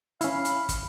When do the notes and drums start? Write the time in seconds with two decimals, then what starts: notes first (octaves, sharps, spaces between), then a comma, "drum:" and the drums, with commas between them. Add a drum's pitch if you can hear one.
0.21 C#4 E4 F5 B5, drum: hi-hat
0.45 drum: hi-hat
0.69 drum: kick, hi-hat